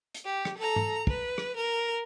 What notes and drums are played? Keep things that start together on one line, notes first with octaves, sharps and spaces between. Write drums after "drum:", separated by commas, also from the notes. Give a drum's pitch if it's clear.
drum: hi-hat
G4
drum: rim click
A4 A#5
drum: tom G#2
B4, drum: kick
drum: rim click
A#4